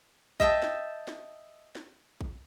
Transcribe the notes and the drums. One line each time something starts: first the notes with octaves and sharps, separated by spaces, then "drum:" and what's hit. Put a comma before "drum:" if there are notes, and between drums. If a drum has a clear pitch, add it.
D#5 E5 G5 A5, drum: kick A#1
drum: snare
drum: snare
drum: snare
drum: kick A#1